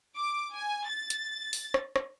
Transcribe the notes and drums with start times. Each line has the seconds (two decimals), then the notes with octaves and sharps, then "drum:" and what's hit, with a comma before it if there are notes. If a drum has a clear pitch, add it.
0.16 D6
0.53 G#5
0.89 A6
1.10 drum: hi-hat
1.53 drum: open hi-hat
1.74 drum: rim click
1.96 drum: rim click